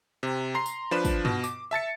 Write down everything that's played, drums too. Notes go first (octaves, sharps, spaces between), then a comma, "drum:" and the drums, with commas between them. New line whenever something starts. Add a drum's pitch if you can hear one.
C3
A#5 C6 C7
drum: tambourine
F3 D4 B4 E7
drum: kick, tambourine
B2, drum: tom G2
D6, drum: tambourine
E5 A5 A6 C#7